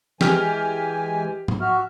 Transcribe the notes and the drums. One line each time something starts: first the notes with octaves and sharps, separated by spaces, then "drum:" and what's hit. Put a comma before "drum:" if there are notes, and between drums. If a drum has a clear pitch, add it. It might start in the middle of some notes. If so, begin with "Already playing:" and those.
E3 G#3 G4 G#5 F6, drum: snare
drum: tom G#2
F#4 E5 F6